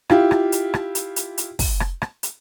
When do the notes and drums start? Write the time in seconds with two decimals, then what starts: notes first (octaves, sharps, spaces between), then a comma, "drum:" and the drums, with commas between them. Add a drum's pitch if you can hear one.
0.10 E4 F4 G4, drum: rim click
0.31 drum: rim click
0.52 drum: hi-hat
0.74 drum: rim click
0.95 drum: hi-hat
1.16 drum: hi-hat
1.38 drum: hi-hat
1.59 drum: kick, open hi-hat
1.80 drum: rim click
2.02 drum: rim click
2.23 drum: hi-hat